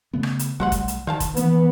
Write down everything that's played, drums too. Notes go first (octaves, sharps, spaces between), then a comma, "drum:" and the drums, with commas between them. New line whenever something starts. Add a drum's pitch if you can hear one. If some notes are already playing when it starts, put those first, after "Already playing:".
C#3 A3 B3
drum: rim click
drum: hi-hat
B1 G3 A3 F#4 C5 F#5
drum: kick F1, hi-hat
drum: hi-hat
D#3 C5 F5 A5
drum: kick F1, hi-hat
E3 B3, drum: hi-hat